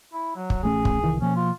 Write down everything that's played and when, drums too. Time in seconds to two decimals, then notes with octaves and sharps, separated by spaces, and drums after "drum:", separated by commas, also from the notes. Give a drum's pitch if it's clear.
0.13 E4
0.36 F#3
0.50 drum: kick
0.63 A1 A3 C#4 G#4
0.85 drum: kick
1.03 C2 D#3 E3
1.21 B2 F3 A#3 C#4
1.36 F4